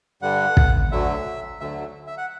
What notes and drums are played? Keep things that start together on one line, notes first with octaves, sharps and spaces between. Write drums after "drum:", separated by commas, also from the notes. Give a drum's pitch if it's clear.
G2 D3 G3 F#5
drum: kick
D2 D3 F#3 E5
D2 D3 F#3 E5
E5
F#5